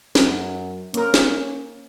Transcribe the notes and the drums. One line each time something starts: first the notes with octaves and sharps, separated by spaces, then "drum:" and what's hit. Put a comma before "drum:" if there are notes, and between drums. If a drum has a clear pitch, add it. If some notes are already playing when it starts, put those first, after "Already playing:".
F#2, drum: snare
A#3 C#4 A#4, drum: hi-hat
drum: snare